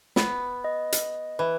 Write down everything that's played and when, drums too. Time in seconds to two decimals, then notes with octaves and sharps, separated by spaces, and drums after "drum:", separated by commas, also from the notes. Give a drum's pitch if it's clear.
0.16 B3, drum: snare
0.64 D#5
0.92 drum: hi-hat
1.39 E3 B4